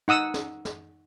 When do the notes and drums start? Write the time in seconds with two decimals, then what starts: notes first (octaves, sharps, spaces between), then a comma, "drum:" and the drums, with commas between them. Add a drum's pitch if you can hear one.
0.08 D#4 F#5 D#6 E6
0.34 drum: snare
0.65 drum: snare